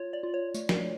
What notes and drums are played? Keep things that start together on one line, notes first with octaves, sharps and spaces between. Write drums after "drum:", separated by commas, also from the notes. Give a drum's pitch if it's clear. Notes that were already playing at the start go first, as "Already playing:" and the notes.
Already playing: F4 C#5
D5
F4
C#5
A3, drum: tambourine
drum: snare